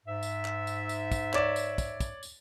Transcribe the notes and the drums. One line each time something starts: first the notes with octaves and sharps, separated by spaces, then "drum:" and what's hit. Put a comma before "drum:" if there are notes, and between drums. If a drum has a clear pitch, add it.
G#2 E5
drum: tambourine
drum: clap
drum: tambourine
drum: tambourine
drum: kick, tambourine
C#5 D5 E7, drum: clap
drum: tambourine
drum: kick, tambourine
drum: kick, tambourine
drum: tambourine